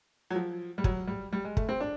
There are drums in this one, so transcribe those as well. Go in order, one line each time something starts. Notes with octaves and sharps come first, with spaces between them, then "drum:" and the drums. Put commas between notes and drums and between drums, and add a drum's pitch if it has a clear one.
F#3
F3
G3
F#3, drum: kick
G3
G3
G#3
A3, drum: kick
C4
D4